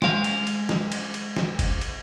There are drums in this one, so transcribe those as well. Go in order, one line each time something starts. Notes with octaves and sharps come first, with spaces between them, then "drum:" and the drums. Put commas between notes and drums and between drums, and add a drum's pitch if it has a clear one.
G#3 F5, drum: snare
drum: cymbal
drum: cymbal
drum: snare
drum: cymbal
drum: cymbal
drum: snare
drum: kick F#1, cymbal
drum: cymbal